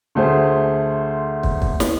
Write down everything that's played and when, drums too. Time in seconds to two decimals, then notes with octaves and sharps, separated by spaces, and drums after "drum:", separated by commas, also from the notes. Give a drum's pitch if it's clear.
0.15 D2 A3 G#4 C5
1.43 drum: kick
1.62 drum: kick
1.80 drum: snare